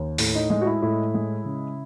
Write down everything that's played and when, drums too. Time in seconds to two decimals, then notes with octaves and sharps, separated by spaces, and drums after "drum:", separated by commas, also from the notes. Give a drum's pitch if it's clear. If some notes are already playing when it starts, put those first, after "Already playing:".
Already playing: D#2
0.18 A2, drum: open hi-hat
0.35 D#4
0.50 G#3 D#4
0.62 F#4
0.66 E4
0.82 A2 E4
1.14 G#3
1.45 C#3